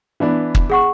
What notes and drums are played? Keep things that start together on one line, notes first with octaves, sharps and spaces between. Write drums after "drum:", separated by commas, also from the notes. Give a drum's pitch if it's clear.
E3 B3 D4
drum: kick
G#4 F#5 C#6